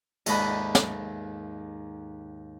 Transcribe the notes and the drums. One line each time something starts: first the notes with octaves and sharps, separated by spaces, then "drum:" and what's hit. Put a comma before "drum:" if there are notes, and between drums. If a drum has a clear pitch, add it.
D#2 G#2 A4 D#5 B5 F#6, drum: cymbal
drum: snare